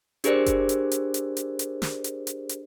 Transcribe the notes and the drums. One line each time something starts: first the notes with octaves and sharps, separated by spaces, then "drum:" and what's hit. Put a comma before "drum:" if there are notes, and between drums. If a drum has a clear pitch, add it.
D4 G4 G#4 A#4 C5 D5, drum: hi-hat
drum: kick F#1, hi-hat
drum: hi-hat
drum: hi-hat
drum: hi-hat
drum: hi-hat
drum: hi-hat
drum: snare
drum: hi-hat
drum: hi-hat
drum: hi-hat